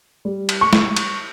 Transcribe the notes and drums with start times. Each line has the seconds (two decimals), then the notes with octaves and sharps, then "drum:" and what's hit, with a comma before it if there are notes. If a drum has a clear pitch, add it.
0.25 G3
0.49 drum: cymbal
0.61 C#6
0.73 drum: snare
0.96 drum: cymbal